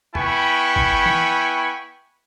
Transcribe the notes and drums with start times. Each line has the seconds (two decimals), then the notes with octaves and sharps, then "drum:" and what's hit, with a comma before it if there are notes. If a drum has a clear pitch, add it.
0.15 B3 E4 G5 G#5 B5 C#6, drum: tom E2
0.76 drum: kick
1.06 drum: tom